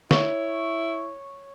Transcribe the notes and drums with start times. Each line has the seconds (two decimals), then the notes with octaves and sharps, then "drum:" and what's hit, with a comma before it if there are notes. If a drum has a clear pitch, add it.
0.11 E4 C#5, drum: snare